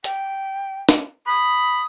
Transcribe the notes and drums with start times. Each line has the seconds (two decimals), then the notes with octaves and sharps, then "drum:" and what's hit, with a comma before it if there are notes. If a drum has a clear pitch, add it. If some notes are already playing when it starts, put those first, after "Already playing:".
0.04 G5, drum: hi-hat
0.89 drum: snare
1.27 B5 D#6